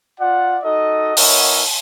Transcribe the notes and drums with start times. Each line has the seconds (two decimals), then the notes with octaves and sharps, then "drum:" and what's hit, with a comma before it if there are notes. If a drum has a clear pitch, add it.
0.20 F4 D5 F#5
0.64 D#4 F#4 A4 D#5
1.17 B3 E4 A#4 C#5 D#5 F#5, drum: open hi-hat